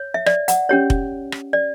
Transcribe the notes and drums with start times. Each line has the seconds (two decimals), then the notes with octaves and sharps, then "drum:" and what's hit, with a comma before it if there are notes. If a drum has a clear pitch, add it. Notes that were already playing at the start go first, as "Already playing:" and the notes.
Already playing: C#5
0.14 E5
0.26 D5, drum: rim click
0.48 F#5, drum: hi-hat
0.69 C#4 G4 C#5
0.90 drum: kick F1
1.32 drum: rim click
1.53 D5